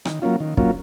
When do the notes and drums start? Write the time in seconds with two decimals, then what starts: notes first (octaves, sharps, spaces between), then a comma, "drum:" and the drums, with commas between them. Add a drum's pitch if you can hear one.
0.05 D#3, drum: rim click
0.22 F#3 A#3 C#4 F4
0.40 D#3
0.57 F#3 A#3 C#4 F4, drum: kick